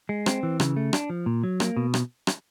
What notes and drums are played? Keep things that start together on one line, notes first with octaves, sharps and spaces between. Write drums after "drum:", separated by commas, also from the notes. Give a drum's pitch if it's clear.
G#3
C4, drum: rim click
E3
C#3, drum: rim click
A3
D4, drum: rim click
F3
A#2
F#3
A#3, drum: rim click
B2
drum: rim click
drum: rim click